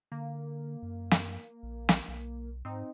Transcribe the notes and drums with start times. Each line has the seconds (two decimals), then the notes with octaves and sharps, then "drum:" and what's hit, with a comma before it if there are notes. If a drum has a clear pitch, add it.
0.12 D3 A#3
0.82 F#2
1.11 drum: snare
1.63 A#1
1.89 drum: snare
2.08 B1
2.65 G#2 C4 D#4